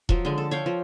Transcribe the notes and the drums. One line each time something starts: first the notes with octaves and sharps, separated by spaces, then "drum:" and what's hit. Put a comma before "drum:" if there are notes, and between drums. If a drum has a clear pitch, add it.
F3 F#3, drum: kick E1
D3 G#3
A4
C#5 F5 G5
F3